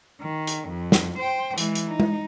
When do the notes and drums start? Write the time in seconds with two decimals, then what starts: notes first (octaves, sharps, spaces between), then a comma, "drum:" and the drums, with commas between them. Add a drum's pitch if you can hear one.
0.22 D#3
0.47 drum: hi-hat
0.69 F2
0.92 drum: snare
1.19 C5 G5
1.58 E3 G#3, drum: hi-hat
1.75 drum: hi-hat
1.89 D#4
2.00 drum: tom G#3